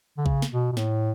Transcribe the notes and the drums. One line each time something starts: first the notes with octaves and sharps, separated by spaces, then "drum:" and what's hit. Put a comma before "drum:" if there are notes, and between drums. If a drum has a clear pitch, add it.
D3
C#3, drum: kick
drum: snare
B2
B2
A2, drum: snare